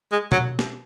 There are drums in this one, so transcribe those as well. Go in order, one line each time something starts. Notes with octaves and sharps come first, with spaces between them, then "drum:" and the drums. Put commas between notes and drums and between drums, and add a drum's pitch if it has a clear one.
G#3
F#3, drum: tom B2
drum: snare